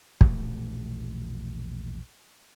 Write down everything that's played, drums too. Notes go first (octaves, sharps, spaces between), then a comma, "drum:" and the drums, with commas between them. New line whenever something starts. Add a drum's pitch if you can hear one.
E1 A#1 E3 A3, drum: kick